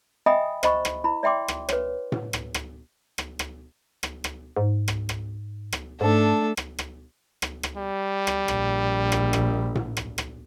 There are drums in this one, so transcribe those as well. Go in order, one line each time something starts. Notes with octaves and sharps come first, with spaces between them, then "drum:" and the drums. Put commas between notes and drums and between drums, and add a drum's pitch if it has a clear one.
D#5 E5 G5 G#5 B5 D#6
C5 D#5 B5 C#6, drum: rim click
drum: rim click
E4 B5
D5 E5 G5 C6 D6
drum: rim click
B4 C#5, drum: rim click
drum: tom A2
drum: rim click
drum: rim click
drum: rim click
drum: rim click
drum: rim click
drum: rim click
G#2
drum: rim click
drum: rim click
drum: rim click
G#2 A3 D4 A4
drum: rim click
drum: rim click
drum: rim click
drum: rim click
G3
drum: rim click
A#1, drum: rim click
drum: rim click
drum: rim click
drum: tom A2
drum: rim click
drum: rim click